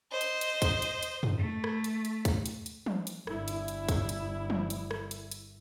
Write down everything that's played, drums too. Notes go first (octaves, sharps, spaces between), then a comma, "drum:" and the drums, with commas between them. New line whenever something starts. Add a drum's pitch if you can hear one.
C5 D#5
drum: hi-hat
drum: hi-hat
drum: kick, hi-hat
drum: hi-hat
drum: hi-hat
drum: tom
A3
drum: rim click
drum: hi-hat
drum: hi-hat
drum: kick, hi-hat
drum: hi-hat
drum: hi-hat
drum: tom
drum: hi-hat
G1 E4, drum: rim click
drum: hi-hat
drum: hi-hat
drum: kick, hi-hat
drum: hi-hat
drum: tom
drum: hi-hat
drum: rim click
drum: hi-hat
drum: hi-hat